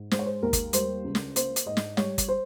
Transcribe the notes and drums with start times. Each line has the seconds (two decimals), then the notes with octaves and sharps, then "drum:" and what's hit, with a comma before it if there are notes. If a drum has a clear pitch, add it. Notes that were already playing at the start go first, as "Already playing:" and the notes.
Already playing: G#2
0.11 G#3 C5, drum: snare
0.19 C#5
0.26 C5
0.43 D#2 A#4
0.53 drum: kick, hi-hat
0.73 G3 C5, drum: hi-hat
1.04 C#2
1.15 drum: snare
1.36 A#3 C5, drum: hi-hat
1.56 drum: hi-hat
1.66 G#2 D#5
1.77 drum: snare
1.97 G3 C#5, drum: snare
2.18 drum: kick, hi-hat
2.28 C5